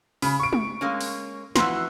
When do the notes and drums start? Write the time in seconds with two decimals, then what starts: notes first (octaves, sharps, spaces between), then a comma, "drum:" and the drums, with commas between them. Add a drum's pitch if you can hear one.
0.22 C#3 B5, drum: open hi-hat
0.40 C#6 D7
0.53 drum: tom G#3
0.81 G#3 A#3 C#4
1.01 drum: open hi-hat
1.56 F2 E3 F#4 C6 E6, drum: snare